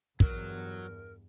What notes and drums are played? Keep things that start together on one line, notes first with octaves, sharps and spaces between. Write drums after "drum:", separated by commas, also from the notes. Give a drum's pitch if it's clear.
E2 G2 F#3 A#4, drum: kick